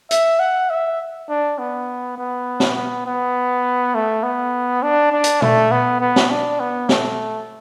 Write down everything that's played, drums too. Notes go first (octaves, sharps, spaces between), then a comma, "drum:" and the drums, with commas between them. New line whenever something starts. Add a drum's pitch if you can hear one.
E5, drum: hi-hat
F#5
E5
D4
B3
B3
drum: snare
B3
B3
A3
B3
D4
D4
drum: hi-hat
A3, drum: tom A#2
B3
B3
drum: snare
D4
B3
A3, drum: snare